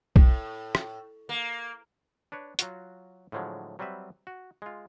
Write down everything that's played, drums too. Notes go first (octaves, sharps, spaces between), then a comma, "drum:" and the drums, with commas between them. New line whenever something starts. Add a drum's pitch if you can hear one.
A2, drum: kick B1
drum: rim click
A#3
D4 B4 C#5
F#3 F4 F#4, drum: hi-hat
A2 D3 F3 F#3 G#3
F#3 G3 C4 B4 E5
F#4
G#3 F4